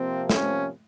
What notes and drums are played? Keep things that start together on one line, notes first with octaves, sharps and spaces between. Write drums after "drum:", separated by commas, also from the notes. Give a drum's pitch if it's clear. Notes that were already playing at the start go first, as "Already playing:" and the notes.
Already playing: C3 F3 A#3 C4
C#4, drum: snare